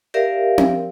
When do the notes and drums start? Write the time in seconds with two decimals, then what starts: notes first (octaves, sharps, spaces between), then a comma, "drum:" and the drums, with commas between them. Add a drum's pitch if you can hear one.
0.14 G4 A#4 D5 E5 F5
0.58 drum: tom C4